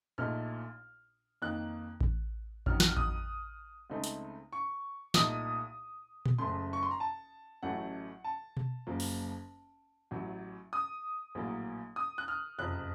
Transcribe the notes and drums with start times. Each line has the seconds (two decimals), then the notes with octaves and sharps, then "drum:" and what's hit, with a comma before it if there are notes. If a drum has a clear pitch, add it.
0.18 A#1 A#2 A3 D#4 F6
1.42 F2 D#3 A#3 D#4 F#6
2.01 drum: kick A1
2.66 F2 D#3 F#3 F6, drum: kick A1
2.80 F#6, drum: snare
2.88 F6
2.97 D#6, drum: kick A1
3.90 C#2 C#3 A3 C4 D#4
4.04 drum: hi-hat
4.53 C#6
5.14 C2 A#2 A3 D#4 D#6, drum: snare
6.26 drum: tom A#2
6.38 F#1 F#2 C#3 A3 C6
6.73 C#6
6.83 C6
6.91 A#5
7.00 A5
7.63 A1 A2 F#3 A3 C#4 F#5
8.24 A5
8.57 drum: tom B2
8.87 F#1 F#2 F3 A#3
9.00 drum: open hi-hat
10.11 A1 A2 F#3
10.73 D#6
11.35 A#1 A2 F#3 A#3
11.96 D#6
12.18 F#6
12.28 F6
12.58 F#1 F2 C3 F3 F#6